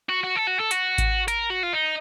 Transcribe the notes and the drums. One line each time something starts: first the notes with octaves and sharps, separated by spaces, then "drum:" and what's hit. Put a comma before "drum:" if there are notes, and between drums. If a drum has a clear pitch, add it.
F#4
F#4
A4
F#4
A4
F#4, drum: hi-hat
drum: kick G#1, hi-hat
A#4, drum: hi-hat
F#4
F4
D#4